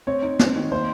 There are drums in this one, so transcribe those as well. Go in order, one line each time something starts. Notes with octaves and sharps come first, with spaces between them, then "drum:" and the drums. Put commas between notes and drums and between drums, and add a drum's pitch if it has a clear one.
C4 C#5
D#4
C4, drum: snare
D#3
A#3 C5